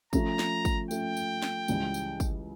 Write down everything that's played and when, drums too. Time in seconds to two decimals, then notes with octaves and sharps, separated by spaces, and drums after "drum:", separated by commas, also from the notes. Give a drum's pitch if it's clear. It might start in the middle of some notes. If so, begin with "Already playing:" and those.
0.13 F3 A3 C#4 A#5, drum: kick, tambourine
0.39 drum: snare
0.65 drum: kick, tambourine
0.91 F3 A3 C#4 G5, drum: tambourine
1.17 drum: tambourine
1.43 drum: snare
1.68 C#2 C#3 E3 G3, drum: tambourine
1.94 drum: tambourine
2.20 drum: kick, tambourine